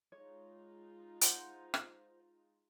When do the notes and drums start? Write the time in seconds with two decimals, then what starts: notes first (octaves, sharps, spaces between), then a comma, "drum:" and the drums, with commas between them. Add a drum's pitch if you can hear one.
0.12 G#3 D#4 F4 C#5
1.21 C5 F#5, drum: hi-hat
1.74 drum: rim click